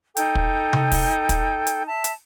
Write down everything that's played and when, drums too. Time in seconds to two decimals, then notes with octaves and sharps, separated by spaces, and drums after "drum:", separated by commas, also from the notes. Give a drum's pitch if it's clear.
0.17 D#4 A4 G5, drum: hi-hat
0.35 drum: kick
0.73 drum: tom C3
0.92 drum: kick, open hi-hat
1.29 drum: kick, hi-hat
1.67 drum: hi-hat
1.87 E5 A5
2.04 drum: hi-hat